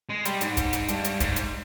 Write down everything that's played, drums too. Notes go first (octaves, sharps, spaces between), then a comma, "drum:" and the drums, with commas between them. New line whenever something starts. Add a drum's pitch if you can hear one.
G#3
G3, drum: hi-hat
G#2, drum: hi-hat
drum: kick, hi-hat
drum: hi-hat
G2, drum: hi-hat
drum: hi-hat
G#2, drum: kick, hi-hat
drum: hi-hat